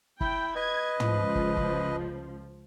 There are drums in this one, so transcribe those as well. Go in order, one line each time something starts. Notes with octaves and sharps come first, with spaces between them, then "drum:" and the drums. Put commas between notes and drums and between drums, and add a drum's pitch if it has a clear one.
E4 G5, drum: kick
B4 D#5 G#6
C#2 F3, drum: tom
drum: kick
drum: kick